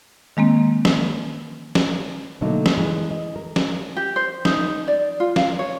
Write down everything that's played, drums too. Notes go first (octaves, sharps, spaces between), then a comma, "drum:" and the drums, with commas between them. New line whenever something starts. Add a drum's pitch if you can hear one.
D#3 G#3 A#3 C4
drum: snare
drum: snare
B2 D3 F#3 A3 A#3 D#4
drum: snare
E3 G#3
D#5
A#4
drum: snare
G4
C5
D#4, drum: snare
D5
F4
F5, drum: snare
C#5